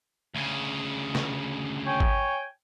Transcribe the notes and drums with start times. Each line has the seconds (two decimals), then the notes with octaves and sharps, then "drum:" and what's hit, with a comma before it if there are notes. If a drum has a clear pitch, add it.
0.35 D2 C#3
1.15 drum: snare
1.86 C#5 G5 G#5
2.00 drum: kick G#1